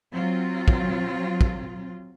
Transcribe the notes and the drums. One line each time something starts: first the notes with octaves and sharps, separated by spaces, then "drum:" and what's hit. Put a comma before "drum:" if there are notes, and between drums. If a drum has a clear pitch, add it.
F#3 C4 F4
drum: kick
drum: kick